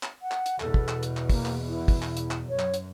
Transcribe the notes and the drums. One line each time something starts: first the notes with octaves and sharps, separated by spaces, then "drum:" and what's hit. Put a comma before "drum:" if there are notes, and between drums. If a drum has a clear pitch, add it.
drum: clap
F#5
drum: clap
drum: hi-hat
E2 B2 A4, drum: clap
drum: kick
drum: clap
drum: hi-hat
drum: clap
A#3, drum: kick, open hi-hat
drum: clap
E4
drum: kick, open hi-hat
drum: clap
drum: hi-hat
drum: clap
F#2 C#5
drum: clap
drum: hi-hat